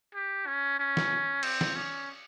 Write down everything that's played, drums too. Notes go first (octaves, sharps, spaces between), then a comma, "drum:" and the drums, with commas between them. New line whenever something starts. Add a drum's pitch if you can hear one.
G4
C#4
C#4
drum: snare
C4, drum: cymbal
drum: snare
C#4